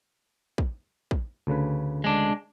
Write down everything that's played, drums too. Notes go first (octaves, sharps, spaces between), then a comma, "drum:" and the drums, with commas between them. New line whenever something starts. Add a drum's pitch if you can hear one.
drum: kick
drum: kick
D2 C#3 B4
G#3 D4